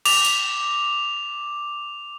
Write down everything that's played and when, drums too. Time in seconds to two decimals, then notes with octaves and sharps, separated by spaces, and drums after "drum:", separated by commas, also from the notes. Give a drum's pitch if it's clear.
0.05 D6 F7, drum: cymbal
0.25 drum: open hi-hat